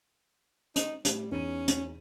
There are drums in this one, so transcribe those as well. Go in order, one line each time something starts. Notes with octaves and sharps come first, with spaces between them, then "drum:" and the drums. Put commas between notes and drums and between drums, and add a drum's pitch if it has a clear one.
D#4, drum: hi-hat
A2 G3 G4, drum: hi-hat
E2 C#4 D#4 D#7
drum: hi-hat